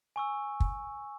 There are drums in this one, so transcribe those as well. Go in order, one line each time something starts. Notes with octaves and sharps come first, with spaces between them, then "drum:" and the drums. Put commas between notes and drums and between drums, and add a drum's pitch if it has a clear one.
G#5 C#6 E6
drum: kick